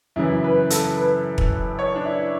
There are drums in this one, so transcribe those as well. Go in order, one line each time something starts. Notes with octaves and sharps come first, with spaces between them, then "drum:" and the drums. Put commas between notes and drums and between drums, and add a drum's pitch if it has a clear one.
F#2 C#3 E3 E4
B4
A4, drum: hi-hat
B4
drum: kick
C#5
D4
E4